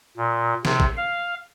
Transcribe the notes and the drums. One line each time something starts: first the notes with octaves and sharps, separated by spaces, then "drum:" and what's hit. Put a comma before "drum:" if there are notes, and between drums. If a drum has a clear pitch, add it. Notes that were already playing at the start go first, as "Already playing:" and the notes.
A#2
C3, drum: snare
drum: kick
F5